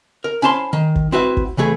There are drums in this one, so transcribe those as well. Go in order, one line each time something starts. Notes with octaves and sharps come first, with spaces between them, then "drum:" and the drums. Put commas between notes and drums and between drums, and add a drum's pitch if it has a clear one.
A#4
C#4 E4 C5 A5 C6
D#3
drum: kick
C4 E4 F#4 B4 E5
drum: kick
C#3 E3 A3 G#4